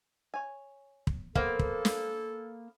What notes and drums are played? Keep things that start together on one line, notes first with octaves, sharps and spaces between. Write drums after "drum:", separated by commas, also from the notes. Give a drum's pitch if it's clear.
C#5 G#5
drum: kick
A#3 B3 A4 C5 F5, drum: kick
drum: kick
drum: snare